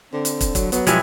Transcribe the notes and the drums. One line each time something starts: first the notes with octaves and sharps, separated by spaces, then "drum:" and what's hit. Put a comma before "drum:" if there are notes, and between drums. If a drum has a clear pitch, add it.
D3 C4
drum: hi-hat
drum: kick, hi-hat
F#3, drum: kick, hi-hat
F#3 B3, drum: hi-hat
B2 F3 G#3 E4 G4 D5 G#5, drum: hi-hat